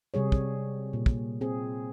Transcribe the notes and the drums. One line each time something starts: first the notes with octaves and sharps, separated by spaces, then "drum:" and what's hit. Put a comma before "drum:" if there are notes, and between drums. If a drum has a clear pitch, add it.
C3 G3 G#4 C#5
drum: kick
A#2
drum: kick
C4 G#4